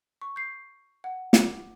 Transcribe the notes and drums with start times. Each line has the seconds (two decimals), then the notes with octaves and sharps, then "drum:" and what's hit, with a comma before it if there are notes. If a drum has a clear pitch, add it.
0.22 C#6
0.36 G6 C7
1.04 F#5
1.33 D6, drum: snare